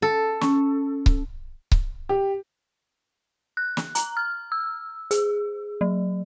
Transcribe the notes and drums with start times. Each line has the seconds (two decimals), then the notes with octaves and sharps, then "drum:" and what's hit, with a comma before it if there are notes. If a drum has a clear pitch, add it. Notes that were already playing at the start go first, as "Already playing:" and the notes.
0.02 A4
0.41 C#4, drum: snare
1.06 drum: kick C#1
1.72 drum: kick C#1
2.09 G4
3.57 F#6
3.77 drum: snare
3.95 A#5, drum: hi-hat
4.17 F6
4.52 E6
5.11 G#4, drum: hi-hat
5.81 F#3